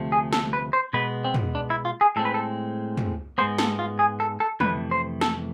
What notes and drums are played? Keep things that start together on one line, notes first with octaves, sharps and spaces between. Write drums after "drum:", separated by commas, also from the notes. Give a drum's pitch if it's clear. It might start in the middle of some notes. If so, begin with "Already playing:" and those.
Already playing: D2 C3 F3 A3
G#4
A4, drum: snare
B4
C5
B2 G#3 B3 B4
C4
drum: tom
D4
E4
F4
G#4
A2 G#3 C4 A4
B4
A4
drum: tom
G#2 G#3 B3 C5
A4, drum: snare
F4
G#4
A4
A4
F2 C3 E3 A3 B4, drum: tom
C5
A4, drum: snare